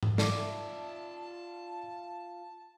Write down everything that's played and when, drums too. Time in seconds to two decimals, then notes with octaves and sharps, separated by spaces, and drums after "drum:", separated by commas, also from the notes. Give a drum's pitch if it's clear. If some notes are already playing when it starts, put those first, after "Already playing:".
0.03 drum: tom G#2
0.18 F4 D5 E5 A5 D6, drum: snare